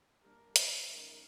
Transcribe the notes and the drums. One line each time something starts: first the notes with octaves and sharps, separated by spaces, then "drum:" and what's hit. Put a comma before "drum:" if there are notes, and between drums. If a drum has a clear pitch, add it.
G3 A#3 D4 A#4
G#4, drum: hi-hat
D#3 G#3 C#4 A#4